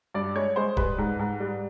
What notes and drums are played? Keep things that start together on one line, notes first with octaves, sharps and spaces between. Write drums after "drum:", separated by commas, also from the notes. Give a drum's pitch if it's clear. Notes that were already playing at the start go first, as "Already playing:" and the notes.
G2 D5
G#3 C#5
G#3 C5
G3 B4, drum: kick D#1
G#2
G#2
G3